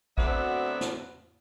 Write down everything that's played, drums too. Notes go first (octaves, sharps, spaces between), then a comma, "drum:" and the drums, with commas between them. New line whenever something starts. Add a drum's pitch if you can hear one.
D2 F#3 B3 C4 D5 E5, drum: kick
drum: snare